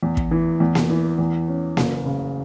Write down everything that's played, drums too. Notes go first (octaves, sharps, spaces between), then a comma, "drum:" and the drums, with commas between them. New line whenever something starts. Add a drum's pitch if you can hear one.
E2
drum: kick
E3
E2
drum: snare A#3
E3
E2
C#4
F#1, drum: snare A#3
C#3